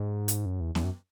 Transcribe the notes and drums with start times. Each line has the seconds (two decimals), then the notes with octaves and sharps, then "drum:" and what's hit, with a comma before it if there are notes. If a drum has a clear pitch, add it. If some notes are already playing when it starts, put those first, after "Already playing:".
Already playing: G#2
0.28 drum: hi-hat
0.46 F#2
0.61 E2
0.75 E2, drum: snare B3
0.84 F#2